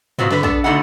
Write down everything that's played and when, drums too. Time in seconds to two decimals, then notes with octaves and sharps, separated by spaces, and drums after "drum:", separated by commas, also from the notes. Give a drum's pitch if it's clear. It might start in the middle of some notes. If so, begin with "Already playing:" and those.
0.19 F3 F#3 B3 C4, drum: tom G2
0.31 D3 B4, drum: snare
0.43 B3 D4 A4, drum: kick
0.64 B2 D3 A3 D#4 E4 F#5